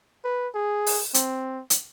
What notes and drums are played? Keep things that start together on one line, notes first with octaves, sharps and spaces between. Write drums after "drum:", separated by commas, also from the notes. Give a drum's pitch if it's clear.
B4
G#4
drum: open hi-hat
C4, drum: hi-hat
drum: hi-hat